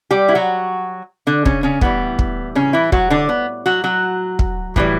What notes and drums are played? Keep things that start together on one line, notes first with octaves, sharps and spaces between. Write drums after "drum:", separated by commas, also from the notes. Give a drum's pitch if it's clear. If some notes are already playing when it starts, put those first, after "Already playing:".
G3 G4
E4
F#3 F#4
D3 D4
C#3 C#4, drum: kick
C#3 C#4
A2 E3 G3 B3, drum: kick
drum: kick
C#3 C#4
E3 E4
F#3 F#4, drum: kick
D3 D4
B3
F#3 F#4
F#3 F#4
drum: kick
A2 E3 G3, drum: kick